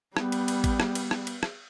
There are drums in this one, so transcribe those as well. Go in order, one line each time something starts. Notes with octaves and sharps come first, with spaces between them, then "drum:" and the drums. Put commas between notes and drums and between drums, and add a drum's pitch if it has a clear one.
G3 B3, drum: rim click
drum: cymbal
drum: cymbal
drum: kick, cymbal
drum: rim click
drum: cymbal
drum: rim click
drum: cymbal
drum: rim click